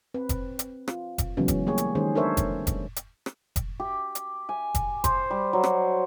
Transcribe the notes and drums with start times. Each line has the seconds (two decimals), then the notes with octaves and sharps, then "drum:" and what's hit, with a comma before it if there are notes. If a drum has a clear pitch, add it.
0.14 C4 B4
0.29 drum: kick F1, hi-hat
0.59 drum: hi-hat
0.88 F4, drum: rim click
1.18 drum: kick F1, hi-hat
1.37 C#3 E3 F#3 G#3 B3 C#4
1.48 drum: kick F1, hi-hat
1.67 G3 A#3 G4 G#4 C#5
1.78 drum: hi-hat
1.95 D#3 G#3 C#4 G#4 C5
2.15 D4 A4 A#4 C5 C#5 E5
2.37 drum: kick F1, hi-hat
2.67 drum: kick F1, hi-hat
2.96 drum: hi-hat
3.26 drum: rim click
3.56 drum: kick F1, hi-hat
3.80 G4
4.15 drum: hi-hat
4.49 G#5
4.75 drum: kick F1, hi-hat
5.04 C5, drum: kick F1, hi-hat
5.31 G3
5.53 F#3
5.64 drum: rim click